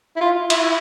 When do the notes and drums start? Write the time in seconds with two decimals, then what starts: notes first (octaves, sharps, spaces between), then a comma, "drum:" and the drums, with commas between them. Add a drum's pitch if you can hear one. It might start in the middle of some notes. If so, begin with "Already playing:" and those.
0.16 E4
0.21 F4
0.50 E4, drum: cymbal
0.62 E4